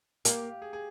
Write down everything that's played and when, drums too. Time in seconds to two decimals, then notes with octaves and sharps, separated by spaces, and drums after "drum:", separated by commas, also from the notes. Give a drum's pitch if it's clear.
0.25 A#3 G4, drum: hi-hat
0.62 G#4
0.73 G#4